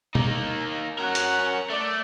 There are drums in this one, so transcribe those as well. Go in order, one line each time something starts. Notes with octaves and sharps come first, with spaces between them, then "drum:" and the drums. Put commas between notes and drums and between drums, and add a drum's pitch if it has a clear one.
A#3 D#4, drum: tom B2
C#4 F#4 A#4 F#5
drum: hi-hat
A3 D5